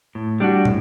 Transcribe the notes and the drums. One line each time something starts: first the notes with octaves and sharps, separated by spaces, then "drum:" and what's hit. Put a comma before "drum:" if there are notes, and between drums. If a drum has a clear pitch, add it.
A2
G3 D4 F#4
A2, drum: tom